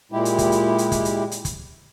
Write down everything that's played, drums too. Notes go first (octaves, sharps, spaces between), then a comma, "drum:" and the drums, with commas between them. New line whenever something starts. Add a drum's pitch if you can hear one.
A#2 G#3 E4 G4
drum: hi-hat
drum: kick, hi-hat
drum: hi-hat
drum: hi-hat
drum: kick, hi-hat
drum: hi-hat
drum: hi-hat
drum: kick, hi-hat